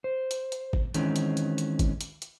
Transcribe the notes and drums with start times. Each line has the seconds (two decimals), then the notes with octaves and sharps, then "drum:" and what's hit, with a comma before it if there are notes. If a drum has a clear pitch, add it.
0.04 C5
0.31 drum: hi-hat
0.52 drum: hi-hat
0.73 drum: kick
0.94 D#3 E3 G#3 C4 C#4, drum: hi-hat
1.16 drum: hi-hat
1.37 drum: hi-hat
1.58 drum: hi-hat
1.79 drum: kick, hi-hat
2.01 drum: hi-hat
2.22 drum: hi-hat